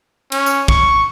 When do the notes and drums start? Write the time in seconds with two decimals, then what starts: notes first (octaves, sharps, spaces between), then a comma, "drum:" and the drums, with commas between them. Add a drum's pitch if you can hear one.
0.32 C#4, drum: cymbal
0.46 drum: tambourine
0.68 C#6, drum: kick